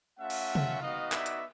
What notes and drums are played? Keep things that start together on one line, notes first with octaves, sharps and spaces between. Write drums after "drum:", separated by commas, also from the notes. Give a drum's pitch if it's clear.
A3 C#4 F4 E5 F#5
drum: cymbal
drum: tom C3
B3 D#4 F#4 D#5 F5
D5 E5, drum: clap
drum: hi-hat